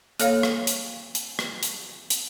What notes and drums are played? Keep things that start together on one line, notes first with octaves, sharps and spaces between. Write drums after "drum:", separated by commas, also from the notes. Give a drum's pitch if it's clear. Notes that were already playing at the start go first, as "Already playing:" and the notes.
A#3 A4 C#5 F5, drum: hi-hat
drum: rim click
drum: hi-hat
drum: hi-hat
drum: rim click
drum: hi-hat
drum: hi-hat